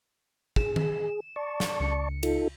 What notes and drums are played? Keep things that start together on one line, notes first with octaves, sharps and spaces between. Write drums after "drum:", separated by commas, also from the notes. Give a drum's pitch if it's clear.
G#4 E7, drum: kick
drum: tom D#3
D5 A5 C#6
drum: snare
C#2 C#7
D#4 F4 A4, drum: cymbal